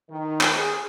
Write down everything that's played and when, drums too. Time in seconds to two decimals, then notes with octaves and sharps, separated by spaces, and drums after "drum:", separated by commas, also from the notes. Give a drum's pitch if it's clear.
0.10 D#3
0.41 drum: clap
0.57 G#4